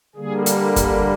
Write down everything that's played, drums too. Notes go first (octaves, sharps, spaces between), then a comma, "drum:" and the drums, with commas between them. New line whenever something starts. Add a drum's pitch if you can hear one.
D3 G3 A#3 G#4
drum: hi-hat
drum: kick, hi-hat